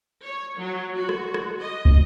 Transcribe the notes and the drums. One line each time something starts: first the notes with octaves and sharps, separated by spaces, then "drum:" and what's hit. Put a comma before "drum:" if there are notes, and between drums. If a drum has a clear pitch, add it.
C#5
F#3
F#4
drum: rim click
drum: rim click
D#5
drum: kick